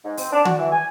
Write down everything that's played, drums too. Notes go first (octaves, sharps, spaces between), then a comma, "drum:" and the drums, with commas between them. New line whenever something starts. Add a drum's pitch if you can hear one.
G#2
C4, drum: open hi-hat
D4
F#4, drum: tom
E3
G#5